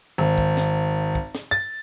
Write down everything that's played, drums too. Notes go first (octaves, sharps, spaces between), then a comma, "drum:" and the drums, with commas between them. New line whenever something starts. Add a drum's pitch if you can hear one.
G#1
drum: kick
drum: snare
drum: kick
drum: snare
A6